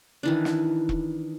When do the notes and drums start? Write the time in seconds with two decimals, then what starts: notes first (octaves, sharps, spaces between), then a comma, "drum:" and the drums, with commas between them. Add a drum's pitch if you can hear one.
0.23 D#3 E3 D4
0.45 drum: snare
0.89 drum: kick E1